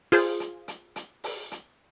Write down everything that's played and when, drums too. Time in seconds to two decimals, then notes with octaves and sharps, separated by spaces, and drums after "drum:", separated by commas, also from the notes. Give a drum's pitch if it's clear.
0.12 F4 G#4 C5, drum: open hi-hat
0.40 drum: hi-hat
0.68 drum: hi-hat
0.96 drum: hi-hat
1.24 drum: open hi-hat
1.52 drum: hi-hat